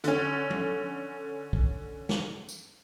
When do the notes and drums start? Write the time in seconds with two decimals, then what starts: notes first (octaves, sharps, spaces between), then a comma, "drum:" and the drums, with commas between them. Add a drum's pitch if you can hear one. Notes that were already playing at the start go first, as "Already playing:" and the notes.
0.04 D3 C#4, drum: hi-hat
0.50 drum: tom F3
1.53 drum: kick
2.09 drum: snare
2.49 drum: tambourine